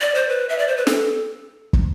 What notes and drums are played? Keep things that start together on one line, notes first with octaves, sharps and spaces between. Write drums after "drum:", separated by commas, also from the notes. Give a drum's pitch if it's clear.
D5
C5
B4
E5
D5
C5
B4
A4, drum: snare
drum: kick